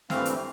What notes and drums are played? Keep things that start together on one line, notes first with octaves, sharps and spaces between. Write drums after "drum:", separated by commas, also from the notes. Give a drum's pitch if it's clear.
G2 E3 A3 C4 F5, drum: snare
drum: hi-hat